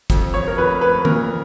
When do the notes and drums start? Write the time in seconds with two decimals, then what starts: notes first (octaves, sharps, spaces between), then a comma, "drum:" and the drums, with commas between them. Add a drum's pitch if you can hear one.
0.10 F2, drum: kick, hi-hat
0.34 C#5
0.47 A#4
0.58 F2 B4
0.81 B4
1.05 A#2 A#4, drum: tom